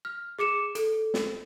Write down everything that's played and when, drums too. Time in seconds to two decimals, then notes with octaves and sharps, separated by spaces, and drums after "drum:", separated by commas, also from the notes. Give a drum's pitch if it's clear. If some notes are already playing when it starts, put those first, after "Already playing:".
0.05 F6
0.39 G#4 D6 C#7 E7
0.75 A4, drum: hi-hat
1.14 drum: snare